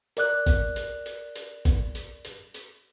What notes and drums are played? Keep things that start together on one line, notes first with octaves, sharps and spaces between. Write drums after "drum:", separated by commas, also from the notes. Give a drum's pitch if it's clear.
A#4 D5 F#6, drum: hi-hat
drum: kick, hi-hat
drum: hi-hat
drum: hi-hat
drum: hi-hat
drum: kick, hi-hat
drum: hi-hat
drum: hi-hat
drum: hi-hat